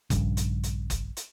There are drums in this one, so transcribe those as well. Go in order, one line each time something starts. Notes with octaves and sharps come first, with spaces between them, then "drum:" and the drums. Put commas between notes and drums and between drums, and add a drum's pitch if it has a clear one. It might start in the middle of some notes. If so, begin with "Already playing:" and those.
A#1 G2 C#3, drum: kick F#1, hi-hat
drum: hi-hat
drum: hi-hat
drum: kick F#1, hi-hat
drum: hi-hat